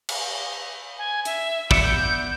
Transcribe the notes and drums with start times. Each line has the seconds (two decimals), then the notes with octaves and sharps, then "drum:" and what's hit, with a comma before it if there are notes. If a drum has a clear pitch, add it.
0.09 drum: cymbal
0.98 G#5
1.25 E5, drum: hi-hat
1.71 B3 D5 E5 C#7, drum: kick
1.83 G6